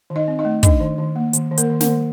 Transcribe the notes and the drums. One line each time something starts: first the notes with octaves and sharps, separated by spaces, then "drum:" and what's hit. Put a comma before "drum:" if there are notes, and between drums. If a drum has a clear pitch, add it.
D#3
D#4 D#5
C4
D#4 D#5
A3
D4 D#4 D#5, drum: kick, hi-hat
D#3
D#3
A#3
D#3, drum: hi-hat
D#3
A#3 A#4, drum: hi-hat
D#3
A#3 A#4, drum: snare
D#3